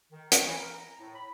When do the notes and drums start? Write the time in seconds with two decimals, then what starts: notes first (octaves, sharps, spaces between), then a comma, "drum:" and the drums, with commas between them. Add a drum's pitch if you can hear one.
0.12 D#3
0.32 C#5, drum: hi-hat
0.47 E3
0.58 A#4
0.74 A#5
1.00 A2
1.15 B5